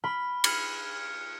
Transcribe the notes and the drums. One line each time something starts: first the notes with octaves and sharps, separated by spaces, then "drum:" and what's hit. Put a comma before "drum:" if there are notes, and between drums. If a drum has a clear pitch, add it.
B5 F6
F6 G#6 C#7, drum: cymbal